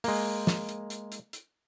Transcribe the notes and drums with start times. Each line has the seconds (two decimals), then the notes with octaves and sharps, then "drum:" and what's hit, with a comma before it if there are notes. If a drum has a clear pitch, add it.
0.04 G#3 A#3, drum: open hi-hat
0.47 drum: snare
0.69 drum: hi-hat
0.90 drum: hi-hat
1.12 drum: hi-hat
1.33 drum: hi-hat